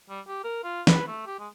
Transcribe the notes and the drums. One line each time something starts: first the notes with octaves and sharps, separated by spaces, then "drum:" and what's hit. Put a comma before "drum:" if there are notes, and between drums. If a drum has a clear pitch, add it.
G3
G4
A#4
F4
B4, drum: snare
A3
G4
G#3